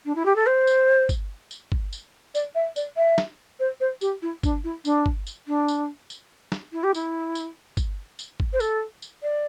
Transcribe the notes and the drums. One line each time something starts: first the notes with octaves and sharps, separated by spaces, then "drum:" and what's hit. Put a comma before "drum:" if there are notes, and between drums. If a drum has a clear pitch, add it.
D4
E4
G4
A4
C5
drum: tambourine
drum: kick, tambourine
drum: tambourine
drum: kick
drum: tambourine
D5, drum: tambourine
E5
D5, drum: tambourine
E5
drum: snare
C5
C5
G4, drum: tambourine
E4
D4, drum: kick, tambourine
E4
D4, drum: tambourine
drum: kick
drum: tambourine
D4
drum: tambourine
drum: tambourine
drum: snare
E4
G4
E4, drum: tambourine
drum: tambourine
drum: kick, tambourine
drum: tambourine
drum: kick
C5
A4, drum: tambourine
drum: tambourine
D5